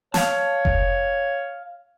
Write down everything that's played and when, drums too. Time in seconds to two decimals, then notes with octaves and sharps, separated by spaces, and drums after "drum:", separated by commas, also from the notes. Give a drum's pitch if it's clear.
0.14 C#5 F5 A5, drum: snare
0.65 drum: kick F1